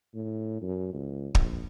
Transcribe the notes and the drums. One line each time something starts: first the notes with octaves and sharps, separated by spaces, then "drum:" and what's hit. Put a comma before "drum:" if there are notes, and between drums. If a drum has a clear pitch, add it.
A2
F#2
C#2
A#1, drum: kick